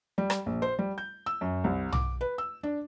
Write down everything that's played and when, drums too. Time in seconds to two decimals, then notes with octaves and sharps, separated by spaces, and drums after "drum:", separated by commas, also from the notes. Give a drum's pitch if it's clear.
0.18 G3
0.30 drum: rim click
0.46 A#1
0.62 C5
0.79 G3
0.98 G6
1.26 E6
1.41 F#2
1.64 C2
1.93 D6, drum: tom
2.21 B4
2.38 E6
2.63 D4